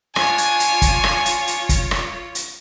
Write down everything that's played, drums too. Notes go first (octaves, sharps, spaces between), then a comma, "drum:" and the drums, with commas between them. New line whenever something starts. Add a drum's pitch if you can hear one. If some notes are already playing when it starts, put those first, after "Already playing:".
D4 F4 C#5 G#5, drum: rim click
drum: hi-hat
drum: hi-hat
drum: kick, hi-hat
drum: rim click
drum: hi-hat
drum: hi-hat
drum: kick, hi-hat
drum: rim click
drum: hi-hat